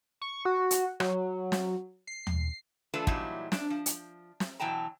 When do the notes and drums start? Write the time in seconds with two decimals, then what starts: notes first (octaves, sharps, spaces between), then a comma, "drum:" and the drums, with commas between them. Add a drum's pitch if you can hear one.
0.22 C#6
0.45 F#4
0.71 drum: hi-hat
1.00 F#3, drum: rim click
1.52 drum: snare
2.07 C7
2.27 drum: tom D#2
2.94 E3 A3 D4 F4 A4 B4
3.07 A#2 E3 F#3 G3 D#4 E4, drum: kick
3.52 D4, drum: snare
3.70 F3
3.86 drum: hi-hat
4.40 drum: snare
4.60 B2 E3 F#3 G5 A5 A#5